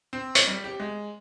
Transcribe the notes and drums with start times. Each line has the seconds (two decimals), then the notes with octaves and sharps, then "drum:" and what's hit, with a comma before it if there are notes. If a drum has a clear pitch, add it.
0.13 C4
0.35 C#6, drum: hi-hat
0.47 G3
0.64 G4
0.80 G#3